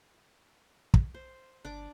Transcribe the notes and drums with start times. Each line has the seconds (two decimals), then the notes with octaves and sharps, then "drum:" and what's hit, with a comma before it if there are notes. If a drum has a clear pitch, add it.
0.94 drum: kick
1.14 C5
1.65 G1 D4 D6